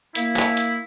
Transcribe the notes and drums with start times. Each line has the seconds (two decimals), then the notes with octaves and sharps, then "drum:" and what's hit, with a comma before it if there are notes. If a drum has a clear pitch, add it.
0.15 A#3 E4, drum: hi-hat
0.36 drum: clap
0.57 drum: hi-hat